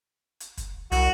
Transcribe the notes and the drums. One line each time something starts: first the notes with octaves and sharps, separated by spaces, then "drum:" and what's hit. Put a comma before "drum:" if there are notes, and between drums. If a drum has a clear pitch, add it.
drum: hi-hat
drum: kick, hi-hat
C2 F#4, drum: hi-hat